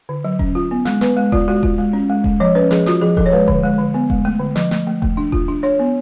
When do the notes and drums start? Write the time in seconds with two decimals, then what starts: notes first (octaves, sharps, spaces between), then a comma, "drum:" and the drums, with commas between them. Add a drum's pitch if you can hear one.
0.09 D3
0.25 F#3
0.39 C#4, drum: kick E1
0.55 F4
0.71 B3
0.85 G#3, drum: snare
1.01 B3 B4, drum: snare
1.17 G#3
1.32 F4 D5, drum: kick E1
1.48 G#3 F#4
1.63 F4, drum: kick E1
1.78 G#3
1.93 C#4
2.10 G#3
2.24 G#3, drum: kick E1
2.40 F3 C#5
2.55 C#4 B4
2.71 F3 G#4, drum: snare
2.86 F4 F#4, drum: snare
3.01 F3 G#4
3.17 F3 A4, drum: kick E1
3.26 C#5
3.32 G#3 B4
3.48 D3, drum: kick E1
3.63 G#3
3.78 D3
3.94 B3
4.10 G#3, drum: kick E1
4.25 A3
4.40 D3
4.56 F3, drum: snare
4.71 A3, drum: snare
4.87 A3
5.02 A3, drum: kick E1
5.17 D4
5.32 F4, drum: kick E1
5.48 D4
5.63 D4 C#5
5.79 B3